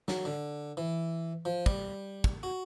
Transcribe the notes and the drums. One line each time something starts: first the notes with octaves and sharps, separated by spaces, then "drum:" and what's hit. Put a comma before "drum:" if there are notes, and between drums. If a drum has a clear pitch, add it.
F#3, drum: snare
D3
E3
F3
G3, drum: kick
drum: kick
F#4